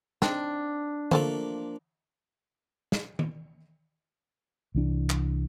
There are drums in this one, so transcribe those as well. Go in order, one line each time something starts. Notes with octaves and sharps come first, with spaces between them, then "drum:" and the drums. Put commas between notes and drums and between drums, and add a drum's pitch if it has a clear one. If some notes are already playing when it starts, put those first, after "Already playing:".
C4 D4 D#4, drum: snare
F3 A3 A#3 A4 C5, drum: tom D3
drum: snare
drum: tom D#3
C2 E3 D4
drum: clap